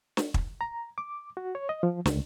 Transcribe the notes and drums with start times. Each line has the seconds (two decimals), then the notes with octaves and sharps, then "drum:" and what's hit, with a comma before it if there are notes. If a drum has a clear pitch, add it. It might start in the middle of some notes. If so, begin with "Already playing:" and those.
0.17 drum: snare
0.34 drum: kick
0.61 A#5
0.98 D6
1.37 F#4
1.55 C#5
1.69 D#5
1.83 F3
2.06 C#2, drum: snare